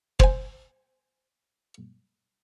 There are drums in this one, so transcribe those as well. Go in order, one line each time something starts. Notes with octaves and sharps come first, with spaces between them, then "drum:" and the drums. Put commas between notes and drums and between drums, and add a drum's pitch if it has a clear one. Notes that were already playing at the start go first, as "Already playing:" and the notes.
C5 G#5, drum: kick